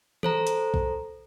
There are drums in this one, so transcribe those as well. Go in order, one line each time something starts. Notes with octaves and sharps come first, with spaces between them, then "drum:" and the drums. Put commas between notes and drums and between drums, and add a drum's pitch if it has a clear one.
A4 C5 A#5, drum: tom E3
drum: hi-hat
drum: kick